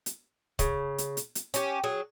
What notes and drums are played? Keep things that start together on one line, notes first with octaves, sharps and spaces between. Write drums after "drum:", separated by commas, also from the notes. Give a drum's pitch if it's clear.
drum: hi-hat
C#3, drum: kick, hi-hat
drum: hi-hat
drum: hi-hat
drum: hi-hat
C#4 G4, drum: hi-hat
F#3 G#4